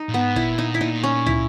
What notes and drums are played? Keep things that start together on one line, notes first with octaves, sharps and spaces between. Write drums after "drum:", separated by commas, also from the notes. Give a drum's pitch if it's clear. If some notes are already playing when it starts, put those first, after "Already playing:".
Already playing: D#4
A#2
G#2 B3
A#2 E4, drum: kick
D#4
E4
A#2 D#4
C#4
E4, drum: tom